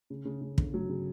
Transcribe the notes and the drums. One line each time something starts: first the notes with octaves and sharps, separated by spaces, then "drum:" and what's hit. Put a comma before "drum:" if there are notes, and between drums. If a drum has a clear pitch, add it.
C#3
C#3
C#3
G1, drum: kick
F#3
C#3